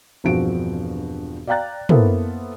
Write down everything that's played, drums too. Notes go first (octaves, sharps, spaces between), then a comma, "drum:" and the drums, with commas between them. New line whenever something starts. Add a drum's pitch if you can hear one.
E1 G2 F3 C4 F#4 D7
D5 F5 G5 A#5 F#6 A6
A#3 B3 E4 A4 A#4 C5, drum: tom